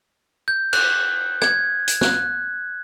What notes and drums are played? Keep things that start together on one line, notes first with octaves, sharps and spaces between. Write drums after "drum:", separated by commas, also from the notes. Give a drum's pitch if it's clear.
G6
F#6, drum: cymbal
G#6, drum: rim click
drum: hi-hat
F#6, drum: snare